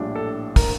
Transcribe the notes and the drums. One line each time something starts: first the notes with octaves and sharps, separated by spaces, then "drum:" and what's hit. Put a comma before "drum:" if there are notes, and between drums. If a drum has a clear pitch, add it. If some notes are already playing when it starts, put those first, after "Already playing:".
Already playing: A#1 A2 G3 D4
A4
A#4, drum: kick, open hi-hat